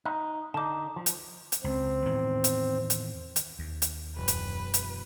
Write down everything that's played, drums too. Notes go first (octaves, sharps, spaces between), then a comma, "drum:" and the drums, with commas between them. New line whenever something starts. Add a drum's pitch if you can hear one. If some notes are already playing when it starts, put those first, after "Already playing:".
D#4 F#6
D3 D#4 A5 D6
F3
drum: hi-hat
drum: hi-hat
C#2 C4
E2 A2 D#3
drum: hi-hat
drum: hi-hat
drum: hi-hat
D#2
drum: hi-hat
E1 F#2 B4
drum: hi-hat
drum: hi-hat